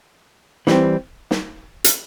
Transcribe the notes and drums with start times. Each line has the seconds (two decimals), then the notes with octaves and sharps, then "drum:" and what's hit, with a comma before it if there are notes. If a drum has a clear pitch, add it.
0.67 E3 G3 C4, drum: snare
1.31 drum: snare
1.84 drum: hi-hat